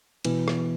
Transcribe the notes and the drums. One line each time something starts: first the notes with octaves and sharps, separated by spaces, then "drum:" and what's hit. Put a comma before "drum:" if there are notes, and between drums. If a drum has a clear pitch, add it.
B2 E3, drum: cymbal
drum: rim click